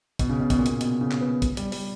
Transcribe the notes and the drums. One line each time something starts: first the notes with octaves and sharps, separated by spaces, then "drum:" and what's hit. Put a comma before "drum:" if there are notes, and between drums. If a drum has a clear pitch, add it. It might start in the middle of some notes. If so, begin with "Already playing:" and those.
B2, drum: kick, hi-hat
C#3
B2
B2, drum: kick, hi-hat
A#2
B2, drum: hi-hat
B2, drum: hi-hat
C#3
drum: clap
B3
drum: kick, hi-hat
G3, drum: hi-hat
G3, drum: open hi-hat